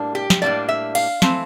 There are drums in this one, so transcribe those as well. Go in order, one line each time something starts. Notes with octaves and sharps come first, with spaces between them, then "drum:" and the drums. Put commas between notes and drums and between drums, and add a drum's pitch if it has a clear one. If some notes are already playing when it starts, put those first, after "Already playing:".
Already playing: A2 G3 A#3 D4
G4
drum: snare
A2 G3 A#3 D4 D5
E5
F5, drum: cymbal
E3 A3 C4, drum: snare